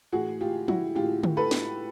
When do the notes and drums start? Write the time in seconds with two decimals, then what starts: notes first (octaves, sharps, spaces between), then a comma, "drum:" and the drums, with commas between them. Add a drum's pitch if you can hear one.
0.12 A2 E3 F#4 G#4
0.41 F4 G4
0.68 E4 F#4, drum: tom F3
0.95 A2 E3 F4 G4
1.23 drum: tom D3
1.37 A4 B4
1.51 drum: snare